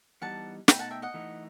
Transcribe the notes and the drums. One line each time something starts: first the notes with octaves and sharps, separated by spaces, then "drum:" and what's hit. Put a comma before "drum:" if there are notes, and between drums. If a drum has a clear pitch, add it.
E3 G3 B3 D#4 F#5 A5
B2 A3 D#4 G5 B5, drum: snare
F#5 A5
E5 G5
D#5 F#5
E3 A3 D#4